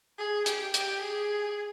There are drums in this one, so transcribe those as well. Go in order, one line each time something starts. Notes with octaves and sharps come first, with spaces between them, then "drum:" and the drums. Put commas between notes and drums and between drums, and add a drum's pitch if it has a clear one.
G#4
G4, drum: hi-hat
G4, drum: hi-hat
G#4